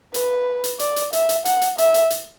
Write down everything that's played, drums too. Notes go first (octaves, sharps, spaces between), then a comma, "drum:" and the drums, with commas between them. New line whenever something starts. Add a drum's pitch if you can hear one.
B4, drum: hi-hat
drum: hi-hat
D5, drum: hi-hat
drum: hi-hat
E5, drum: hi-hat
drum: hi-hat
F#5, drum: hi-hat
drum: hi-hat
E5, drum: hi-hat
drum: hi-hat
drum: hi-hat